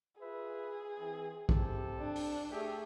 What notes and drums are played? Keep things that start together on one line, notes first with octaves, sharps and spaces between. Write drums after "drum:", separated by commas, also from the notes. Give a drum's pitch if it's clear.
F4 G#4 B4 E5
E3 C4
C3 G4 A4, drum: kick
D4
drum: open hi-hat
A3 G4 G#4